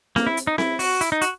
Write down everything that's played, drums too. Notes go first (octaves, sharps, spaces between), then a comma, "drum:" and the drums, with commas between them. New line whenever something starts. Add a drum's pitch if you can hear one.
A#3, drum: snare C4
E4
drum: hi-hat
D#4
E4, drum: snare C4
F#4, drum: open hi-hat
E4, drum: hi-hat
D#4
F#4, drum: hi-hat